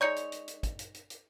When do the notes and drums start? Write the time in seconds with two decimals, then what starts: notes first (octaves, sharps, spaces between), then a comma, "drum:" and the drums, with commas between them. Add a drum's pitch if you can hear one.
0.01 G#3 D#4 C#5 D5 G6 C#7
0.16 drum: hi-hat
0.32 drum: hi-hat
0.48 drum: hi-hat
0.63 drum: kick, hi-hat
0.79 drum: hi-hat
0.95 drum: hi-hat
1.10 drum: hi-hat